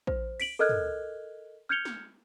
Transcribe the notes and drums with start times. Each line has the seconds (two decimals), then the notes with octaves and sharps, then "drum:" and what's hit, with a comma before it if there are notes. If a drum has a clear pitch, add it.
0.07 C5, drum: kick
0.40 B6 D7 F#7, drum: cymbal
0.59 A4 A#4 D#5 F6 F#6 G#6
0.69 drum: tom
1.69 F6 G6 G#6 C#7 F7 G7
1.85 drum: snare